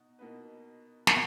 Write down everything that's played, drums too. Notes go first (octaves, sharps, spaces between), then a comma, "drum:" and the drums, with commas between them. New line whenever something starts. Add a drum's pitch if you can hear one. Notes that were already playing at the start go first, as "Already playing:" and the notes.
Already playing: B2 D#4 F#4
B2 A#3 D#4 F#4 B4
B2 A#3 D#4 F#4 B4 F#5, drum: snare